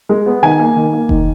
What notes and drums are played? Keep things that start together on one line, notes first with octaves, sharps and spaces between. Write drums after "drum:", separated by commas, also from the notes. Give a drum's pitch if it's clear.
G#3
B3
D#3 G#5
A#3
D#3
A#3
D#3, drum: kick F1